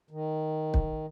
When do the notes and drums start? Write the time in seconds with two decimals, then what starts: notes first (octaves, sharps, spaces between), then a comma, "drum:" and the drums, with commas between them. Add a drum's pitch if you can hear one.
0.11 D#3
0.74 drum: kick